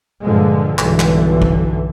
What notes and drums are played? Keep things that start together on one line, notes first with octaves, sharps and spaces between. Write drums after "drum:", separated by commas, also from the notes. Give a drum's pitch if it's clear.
G2 A#2 D3 F3 G#3
B1 G2 D3 E3, drum: clap
drum: clap
drum: kick